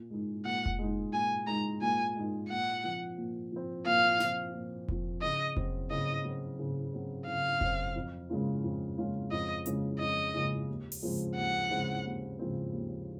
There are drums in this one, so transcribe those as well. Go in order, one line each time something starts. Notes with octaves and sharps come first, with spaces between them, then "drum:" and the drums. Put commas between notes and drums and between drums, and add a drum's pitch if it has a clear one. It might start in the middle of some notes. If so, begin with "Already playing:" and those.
Already playing: A#2
G#3 D#4
A#2 F#5
drum: kick F1
G#3 D#4
A#2 G#5
G#3 D#4 A#5
A#2 G#5
G#3 D#4
A#2 F#5
F3 C4
A#2
F3 C4
A#2 F5
F3 C4, drum: snare
A#2
F3 C4, drum: kick F1
C#3 D#5
F#3 C4, drum: kick F1
C#3 D#5
F#3 C4
C#3
F#3 C4
C#3 F5
F#3 C4, drum: kick F1
F2
C#3 G#3 C#4 F4
F2
C#3 G#3 C#4 F4
F2 D#5
C#3 G#3 C#4 F4, drum: hi-hat
F2 D#5
C#3 G#3 C#4 F4
D#2
drum: open hi-hat
C#3 F3 G#3 C4
D#2 F#5
C#3 F3 G#3 C4
D#2
C#3 F3 G#3 C4
D#2